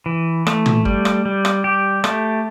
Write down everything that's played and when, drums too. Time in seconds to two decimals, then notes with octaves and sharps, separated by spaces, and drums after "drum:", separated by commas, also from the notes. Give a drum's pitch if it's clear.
0.06 E3
0.47 A3, drum: rim click
0.66 drum: tom
0.85 G3, drum: kick G1
1.05 drum: rim click
1.26 G3
1.45 drum: rim click
1.64 G4
2.04 A3, drum: rim click